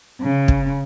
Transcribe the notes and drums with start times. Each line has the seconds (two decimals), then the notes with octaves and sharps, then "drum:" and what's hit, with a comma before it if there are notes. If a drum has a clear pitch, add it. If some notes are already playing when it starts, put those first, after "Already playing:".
0.21 C#3
0.48 drum: kick